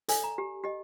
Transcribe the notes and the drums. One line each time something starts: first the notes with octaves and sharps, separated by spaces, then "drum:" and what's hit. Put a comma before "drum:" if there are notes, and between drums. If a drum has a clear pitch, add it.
A4 D5 G#5, drum: hi-hat
A#5
G4
G4 D#5